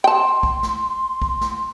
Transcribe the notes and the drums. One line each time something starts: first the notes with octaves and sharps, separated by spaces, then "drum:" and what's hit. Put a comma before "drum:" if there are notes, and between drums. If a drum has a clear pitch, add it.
G5 A5 C6
drum: kick
drum: snare
drum: kick
drum: snare